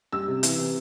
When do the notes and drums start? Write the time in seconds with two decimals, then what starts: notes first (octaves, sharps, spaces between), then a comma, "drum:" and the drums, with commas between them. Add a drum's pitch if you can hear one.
0.12 G3 E6
0.28 C3
0.43 E3, drum: hi-hat
0.58 C3